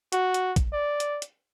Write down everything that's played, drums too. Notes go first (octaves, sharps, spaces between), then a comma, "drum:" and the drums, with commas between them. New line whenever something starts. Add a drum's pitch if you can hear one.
F#4, drum: hi-hat
drum: hi-hat
drum: kick A#1, hi-hat
D5
drum: hi-hat
drum: hi-hat